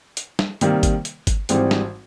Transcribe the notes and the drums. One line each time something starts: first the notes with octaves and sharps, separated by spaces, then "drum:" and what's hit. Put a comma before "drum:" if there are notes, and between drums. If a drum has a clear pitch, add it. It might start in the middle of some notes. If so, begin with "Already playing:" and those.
drum: hi-hat
drum: snare
C3 D#3 G3 A#3, drum: hi-hat
drum: kick G1, hi-hat
drum: hi-hat
drum: kick G1, hi-hat
G#1 G#2 E3 G3 C4, drum: hi-hat
drum: snare